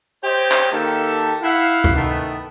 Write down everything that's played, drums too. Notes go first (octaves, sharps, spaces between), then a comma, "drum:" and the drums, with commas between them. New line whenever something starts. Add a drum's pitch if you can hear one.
G4 C5 C#5 D#5 G5
drum: clap
D#3 A#3 G4 A4 E5 A5
E4 F5 F#5
drum: kick C#2
D#3 A3 B3